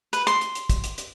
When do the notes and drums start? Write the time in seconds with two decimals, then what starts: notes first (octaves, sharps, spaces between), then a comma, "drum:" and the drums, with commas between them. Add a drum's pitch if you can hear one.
0.13 B4, drum: hi-hat
0.27 C6, drum: hi-hat
0.41 drum: hi-hat
0.55 drum: hi-hat
0.70 drum: kick, hi-hat
0.84 drum: hi-hat
0.98 drum: hi-hat